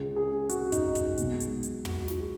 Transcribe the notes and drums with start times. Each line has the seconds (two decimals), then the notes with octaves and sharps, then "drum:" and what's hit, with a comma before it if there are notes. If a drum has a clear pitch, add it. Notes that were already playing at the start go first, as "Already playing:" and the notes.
Already playing: C#2 C#3 G#3
0.16 G#4
0.49 F#4, drum: hi-hat
0.72 D#4, drum: kick, hi-hat
0.95 drum: kick, hi-hat
1.18 B1 B2 G#3, drum: hi-hat
1.40 drum: hi-hat
1.63 drum: hi-hat
1.85 F#4, drum: tom
2.08 drum: snare
2.20 G#4